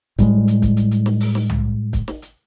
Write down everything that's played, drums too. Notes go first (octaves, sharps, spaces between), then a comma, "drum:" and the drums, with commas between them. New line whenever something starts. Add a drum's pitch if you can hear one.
A2 G3 G#3, drum: kick, hi-hat
drum: hi-hat
drum: kick, hi-hat
drum: hi-hat
drum: hi-hat
drum: snare
drum: open hi-hat
drum: snare
drum: tom
drum: kick, hi-hat
drum: snare
drum: hi-hat